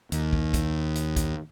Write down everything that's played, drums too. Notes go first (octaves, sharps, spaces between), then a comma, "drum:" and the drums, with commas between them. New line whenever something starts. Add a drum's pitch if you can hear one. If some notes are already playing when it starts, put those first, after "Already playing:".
D#2, drum: hi-hat
drum: kick
drum: kick, hi-hat
drum: hi-hat
drum: kick, hi-hat